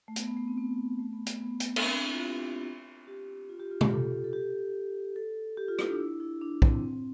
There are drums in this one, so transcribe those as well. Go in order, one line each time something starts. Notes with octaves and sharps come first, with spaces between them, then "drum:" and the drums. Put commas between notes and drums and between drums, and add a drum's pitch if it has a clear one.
A3
B3, drum: hi-hat
B3
A3
C4
B3
A3
B3
A3, drum: hi-hat
B3
A3
B3, drum: hi-hat
D4, drum: cymbal
C4
D4
E4
F4
G4
G4
F4
G4
F4
G4, drum: tom B2
A4
A4
G4
A4
G4
F4
E4, drum: rim click
D4
E4
E4
D4
C4, drum: kick
C4